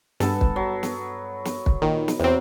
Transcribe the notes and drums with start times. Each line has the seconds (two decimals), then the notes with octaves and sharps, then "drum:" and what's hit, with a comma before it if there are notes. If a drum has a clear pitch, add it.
0.20 G2 B3 A4 A5, drum: snare
0.41 drum: kick
0.56 F#3
0.83 drum: snare
1.45 drum: snare
1.66 drum: kick
1.82 A#2 D#3
2.08 drum: snare
2.20 E2 C3 F#3 C4